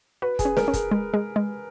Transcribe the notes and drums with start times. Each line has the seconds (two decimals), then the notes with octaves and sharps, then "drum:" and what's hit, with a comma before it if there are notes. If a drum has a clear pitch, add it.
0.22 F#4 B4
0.39 G#4, drum: kick, hi-hat
0.45 C#4
0.57 A#4, drum: snare
0.68 C#4
0.73 G#4, drum: kick, hi-hat
0.91 G#3
1.14 G#3
1.36 G#3